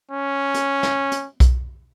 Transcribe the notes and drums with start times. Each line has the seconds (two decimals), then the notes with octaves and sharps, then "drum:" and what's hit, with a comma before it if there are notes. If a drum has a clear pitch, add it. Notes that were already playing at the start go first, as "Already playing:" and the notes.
0.11 C#4
0.54 drum: hi-hat
0.83 drum: snare
1.12 drum: hi-hat
1.40 drum: kick B1, hi-hat